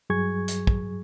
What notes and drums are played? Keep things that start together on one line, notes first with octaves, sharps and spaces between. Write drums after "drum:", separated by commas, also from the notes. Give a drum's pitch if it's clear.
G2 F#3 G#4 C#6 G#6
drum: hi-hat
drum: kick